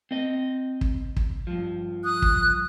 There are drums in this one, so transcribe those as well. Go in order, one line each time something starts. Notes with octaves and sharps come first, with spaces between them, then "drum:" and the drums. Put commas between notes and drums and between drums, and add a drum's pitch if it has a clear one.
C4 D#5
drum: kick
drum: kick
G2 F3
D#6 F#6
drum: kick